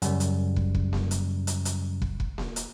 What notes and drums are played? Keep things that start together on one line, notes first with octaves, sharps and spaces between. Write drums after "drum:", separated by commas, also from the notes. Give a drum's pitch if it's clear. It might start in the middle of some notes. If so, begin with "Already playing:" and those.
F#2 C#3 G3, drum: hi-hat
drum: hi-hat
drum: kick
drum: kick
drum: snare A#3
drum: hi-hat
drum: hi-hat
drum: hi-hat
drum: kick
drum: kick
drum: snare A#3
drum: hi-hat